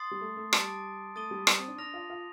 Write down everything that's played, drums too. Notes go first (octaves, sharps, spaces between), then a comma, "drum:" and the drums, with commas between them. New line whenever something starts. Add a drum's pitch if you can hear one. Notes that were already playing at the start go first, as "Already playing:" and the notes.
Already playing: C6 D#6 A6 C7
G3
A3
A3
G3 A5 D6 A6 D7, drum: rim click
A3 D#6 A6 D#7 G7
G3
G3, drum: rim click
C4
D4
D4 F6 A#6 F7
F4
F4